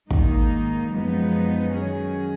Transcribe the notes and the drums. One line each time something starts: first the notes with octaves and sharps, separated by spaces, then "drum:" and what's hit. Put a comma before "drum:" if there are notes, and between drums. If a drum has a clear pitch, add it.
G#2 D#3 A#3 D#4, drum: kick
F#2 F3 G#3 B3 D#4
D#3 F#3 C#4 G#4